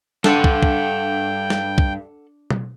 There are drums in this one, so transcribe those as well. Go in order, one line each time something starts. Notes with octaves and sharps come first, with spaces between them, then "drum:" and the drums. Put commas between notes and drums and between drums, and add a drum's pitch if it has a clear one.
G2 D4 A4 F#5 G5, drum: snare
drum: kick
drum: kick
drum: snare
drum: kick
drum: tom